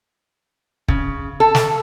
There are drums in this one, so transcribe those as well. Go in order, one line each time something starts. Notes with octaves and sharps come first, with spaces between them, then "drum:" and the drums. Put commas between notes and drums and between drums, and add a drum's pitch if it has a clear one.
C#3, drum: kick
A4
drum: snare